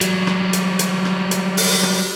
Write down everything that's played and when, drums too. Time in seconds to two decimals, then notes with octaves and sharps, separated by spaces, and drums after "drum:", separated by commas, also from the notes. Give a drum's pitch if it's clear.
0.01 F#3 G3, drum: hi-hat
0.27 drum: rim click
0.53 drum: hi-hat
0.79 drum: hi-hat
1.05 drum: rim click
1.31 drum: hi-hat
1.57 drum: open hi-hat
1.83 drum: rim click